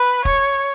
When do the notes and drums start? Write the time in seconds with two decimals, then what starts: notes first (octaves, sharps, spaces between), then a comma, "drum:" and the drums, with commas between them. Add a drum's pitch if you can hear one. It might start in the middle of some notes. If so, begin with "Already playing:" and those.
Already playing: B4
0.25 C#5, drum: kick